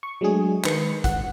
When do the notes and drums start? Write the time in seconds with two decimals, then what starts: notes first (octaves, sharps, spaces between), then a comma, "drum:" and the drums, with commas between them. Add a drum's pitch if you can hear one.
0.03 C#6
0.21 F#3 G#3 A3 D4 G#4
0.65 D#3 G#3 B4 C#7, drum: clap
1.04 F#5, drum: kick, hi-hat